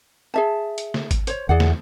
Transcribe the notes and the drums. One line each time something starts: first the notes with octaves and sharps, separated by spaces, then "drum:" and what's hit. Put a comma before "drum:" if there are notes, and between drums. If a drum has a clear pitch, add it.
G#4 E5 A5
drum: hi-hat
drum: snare
drum: kick G#1, hi-hat
C5 C#5, drum: hi-hat
E2 E3 G#4 D5 F#5
drum: snare